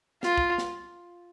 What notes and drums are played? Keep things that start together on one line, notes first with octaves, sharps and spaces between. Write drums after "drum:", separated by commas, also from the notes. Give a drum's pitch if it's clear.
F4, drum: snare
drum: kick
drum: snare